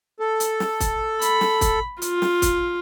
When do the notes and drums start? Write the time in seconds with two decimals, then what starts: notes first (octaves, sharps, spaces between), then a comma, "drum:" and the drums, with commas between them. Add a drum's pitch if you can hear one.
0.20 A4
0.40 drum: hi-hat
0.60 drum: snare
0.80 drum: kick, hi-hat
1.22 B5, drum: hi-hat
1.41 drum: snare
1.61 drum: kick, hi-hat
2.02 F4, drum: hi-hat
2.22 drum: snare
2.42 drum: kick, hi-hat